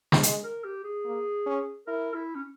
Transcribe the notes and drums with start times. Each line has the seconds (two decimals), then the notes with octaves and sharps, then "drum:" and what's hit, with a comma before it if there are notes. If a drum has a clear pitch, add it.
0.12 drum: snare
0.23 G#3, drum: hi-hat
0.44 A#4
0.64 G4
0.84 G#4
1.05 A#3
1.46 C#4
1.87 E4 A#4
2.15 E4
2.35 C#4